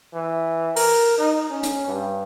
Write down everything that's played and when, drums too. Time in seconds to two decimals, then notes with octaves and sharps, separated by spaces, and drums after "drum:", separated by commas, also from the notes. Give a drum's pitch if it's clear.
0.13 E3
0.76 A#4, drum: open hi-hat
1.18 D#4
1.50 C#4
1.63 drum: hi-hat
1.87 G2